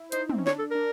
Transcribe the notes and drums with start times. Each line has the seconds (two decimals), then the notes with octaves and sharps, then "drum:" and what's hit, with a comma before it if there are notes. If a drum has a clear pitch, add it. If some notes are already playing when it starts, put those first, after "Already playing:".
Already playing: E4
0.12 D#4 C5, drum: hi-hat
0.29 C4, drum: tom
0.38 C#4
0.47 D4 C#5, drum: snare
0.59 A4
0.71 D4 A#4